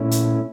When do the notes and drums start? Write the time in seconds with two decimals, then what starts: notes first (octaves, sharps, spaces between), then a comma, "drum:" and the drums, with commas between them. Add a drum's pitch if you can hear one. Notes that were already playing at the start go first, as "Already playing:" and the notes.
Already playing: A#2 A3 C#4 E4
0.11 drum: hi-hat